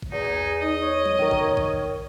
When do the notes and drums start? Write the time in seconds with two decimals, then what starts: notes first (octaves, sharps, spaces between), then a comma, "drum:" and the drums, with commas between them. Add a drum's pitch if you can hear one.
0.02 drum: kick
0.12 E2 D#4 G#4
0.61 D#4 D#5
0.80 C#5
1.06 drum: tom F#3
1.19 D#3 A#4
1.31 drum: kick
1.57 drum: kick